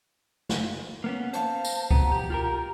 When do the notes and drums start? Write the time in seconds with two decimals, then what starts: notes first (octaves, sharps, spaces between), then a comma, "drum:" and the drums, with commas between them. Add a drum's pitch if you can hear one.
0.49 drum: snare
1.04 A#3 B3 C#4
1.33 C5 C#5 F5 A5, drum: hi-hat
1.65 drum: tambourine
1.91 B2 B3 A#5, drum: kick C#2
2.12 G4
2.30 F4 G4 A#4